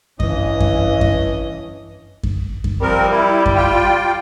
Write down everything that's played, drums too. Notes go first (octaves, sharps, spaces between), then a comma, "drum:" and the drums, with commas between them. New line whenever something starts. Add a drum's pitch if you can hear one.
G2 E3 C#4 D#5, drum: kick F#2
drum: kick F#2
drum: kick F#2
drum: kick F#2
drum: kick F#2
F3 G3 C4 A#4
E4
drum: kick F#2
F4 G5